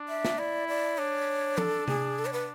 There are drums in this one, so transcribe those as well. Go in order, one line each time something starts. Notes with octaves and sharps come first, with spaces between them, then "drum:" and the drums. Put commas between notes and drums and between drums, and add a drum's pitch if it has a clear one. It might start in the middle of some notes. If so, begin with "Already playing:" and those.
Already playing: D4
E5
drum: snare
E4 D5
D5
D4 C#5
A4, drum: tom F3
G#4, drum: tom C3
A4
C#5
B4